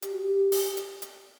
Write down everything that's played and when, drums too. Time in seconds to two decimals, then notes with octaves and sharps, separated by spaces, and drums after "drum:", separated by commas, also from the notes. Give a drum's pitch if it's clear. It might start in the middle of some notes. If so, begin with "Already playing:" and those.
0.02 G4, drum: hi-hat
0.12 F#4
0.21 G4
0.52 drum: open hi-hat
0.77 drum: hi-hat
1.02 drum: hi-hat